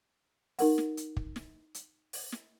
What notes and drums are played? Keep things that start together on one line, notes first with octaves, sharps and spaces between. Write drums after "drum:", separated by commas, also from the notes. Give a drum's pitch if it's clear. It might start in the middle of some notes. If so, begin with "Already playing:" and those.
D#4 A#4 F#5, drum: open hi-hat
drum: snare
drum: hi-hat
drum: kick
drum: snare
drum: hi-hat
drum: open hi-hat
drum: snare